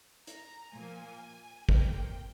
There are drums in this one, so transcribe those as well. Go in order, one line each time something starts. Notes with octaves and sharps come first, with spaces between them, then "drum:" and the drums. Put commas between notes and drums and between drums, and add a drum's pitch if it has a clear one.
A#5, drum: hi-hat
A#2 F3 A#3 G#5
F2 C3 F3 A#3 G5, drum: kick